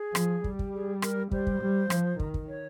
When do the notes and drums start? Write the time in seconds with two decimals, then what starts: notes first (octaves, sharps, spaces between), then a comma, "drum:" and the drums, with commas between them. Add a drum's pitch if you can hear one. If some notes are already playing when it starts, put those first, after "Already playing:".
Already playing: G#4
0.15 F3, drum: rim click
0.44 G3, drum: kick
0.59 drum: kick
0.74 G#4
1.02 A#4, drum: rim click
1.31 G3 C5, drum: kick
1.47 drum: kick
1.61 G3
1.90 F3, drum: rim click
2.20 D#3, drum: kick
2.34 drum: kick
2.48 C#5